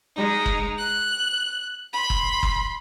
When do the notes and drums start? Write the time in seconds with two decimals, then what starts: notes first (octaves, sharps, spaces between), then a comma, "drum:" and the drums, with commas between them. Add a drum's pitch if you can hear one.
0.16 G#3 D#4
0.46 drum: kick
0.79 F#6
1.94 B5 C6
2.10 drum: kick
2.43 drum: kick